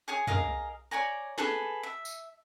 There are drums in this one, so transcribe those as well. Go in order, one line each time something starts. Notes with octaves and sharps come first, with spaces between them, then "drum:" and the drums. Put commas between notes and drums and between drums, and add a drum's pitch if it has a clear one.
G#4 C#5 G#5 D#6
G#4 A#4 D#5 F5, drum: tom
C#5 D5 G#5 A#5
G#4 A4 B4 G#5, drum: snare
E5
drum: tambourine